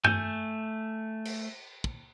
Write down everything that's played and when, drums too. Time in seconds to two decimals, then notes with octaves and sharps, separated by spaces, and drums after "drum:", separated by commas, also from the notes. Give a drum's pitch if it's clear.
0.04 A3 G#5 G6, drum: tom G2
1.25 drum: cymbal
1.84 drum: kick